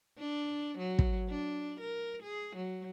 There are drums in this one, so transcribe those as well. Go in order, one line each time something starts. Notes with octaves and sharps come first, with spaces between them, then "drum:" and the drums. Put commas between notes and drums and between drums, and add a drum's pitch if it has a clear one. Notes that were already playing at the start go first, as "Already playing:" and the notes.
D4
F#3
drum: kick
D4
A#4
G#4
F#3